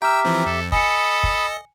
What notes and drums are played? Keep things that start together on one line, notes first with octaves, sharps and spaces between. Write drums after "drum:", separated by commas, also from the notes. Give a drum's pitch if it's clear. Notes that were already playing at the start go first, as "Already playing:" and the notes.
G4 E5 G5 A#5 E6 F6
E3 F3 C4
F2 A4
A4 D#5 G#5 B5 D#6 C#7, drum: kick
drum: kick